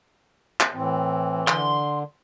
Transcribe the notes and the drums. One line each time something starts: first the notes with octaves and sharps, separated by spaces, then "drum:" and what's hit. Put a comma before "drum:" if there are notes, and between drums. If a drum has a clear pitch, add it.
drum: clap
A2 E3 C4
D3 C6, drum: clap